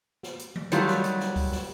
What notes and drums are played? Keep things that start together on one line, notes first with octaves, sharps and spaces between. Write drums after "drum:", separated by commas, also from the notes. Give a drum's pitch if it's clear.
drum: snare
drum: hi-hat
drum: tom D#3
D#3 F#3 G3 A3 F4, drum: hi-hat
drum: snare
drum: hi-hat
drum: snare
drum: kick C#2, open hi-hat
drum: snare